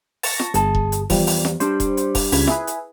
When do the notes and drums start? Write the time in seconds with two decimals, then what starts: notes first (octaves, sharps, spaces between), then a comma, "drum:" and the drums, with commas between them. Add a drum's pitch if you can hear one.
0.23 A5 C#6 A#6, drum: open hi-hat
0.40 drum: snare F4
0.54 G1 G#4 A5, drum: hi-hat
0.75 drum: kick E1
0.92 drum: hi-hat
1.10 E2 F3 G3, drum: kick E1, open hi-hat
1.27 drum: open hi-hat
1.45 drum: snare F4
1.60 G3 D4 C5, drum: hi-hat
1.80 drum: kick E1, hi-hat
1.97 drum: hi-hat
2.15 drum: kick E1, open hi-hat
2.32 C#2 B5 G#6, drum: open hi-hat
2.47 E4 G#4 B4, drum: snare F4
2.67 drum: hi-hat